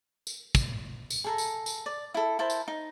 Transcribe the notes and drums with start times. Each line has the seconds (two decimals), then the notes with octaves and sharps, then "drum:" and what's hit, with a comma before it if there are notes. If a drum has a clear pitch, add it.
0.27 drum: tambourine
0.55 drum: kick, tambourine
1.10 drum: tambourine
1.24 G#4 A4 A#5
1.38 drum: tambourine
1.66 drum: tambourine
1.86 D5
2.14 E4 A4
2.39 E4 A#4 C5 A5
2.50 drum: tambourine
2.68 D#4